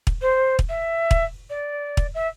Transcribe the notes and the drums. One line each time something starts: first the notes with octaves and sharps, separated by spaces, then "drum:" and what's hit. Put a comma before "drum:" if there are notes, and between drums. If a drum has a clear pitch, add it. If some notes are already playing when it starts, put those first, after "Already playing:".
drum: kick
C5
drum: kick
E5
drum: kick
D5
drum: kick
E5